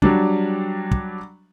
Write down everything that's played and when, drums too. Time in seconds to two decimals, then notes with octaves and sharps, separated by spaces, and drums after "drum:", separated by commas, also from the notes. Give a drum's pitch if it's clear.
0.02 F#3 G3 D4, drum: kick
0.91 drum: kick